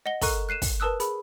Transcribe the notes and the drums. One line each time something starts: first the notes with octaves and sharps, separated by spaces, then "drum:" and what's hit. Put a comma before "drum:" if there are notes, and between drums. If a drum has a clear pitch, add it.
D#5 F#5 A#6 G7
A4 A#4 A#5 C#6 F#6 D#7, drum: kick, open hi-hat
F#6 C7 D#7 E7
drum: kick, open hi-hat
A#4 B4 A5 D#6 E6 F#6
G#4 B5, drum: hi-hat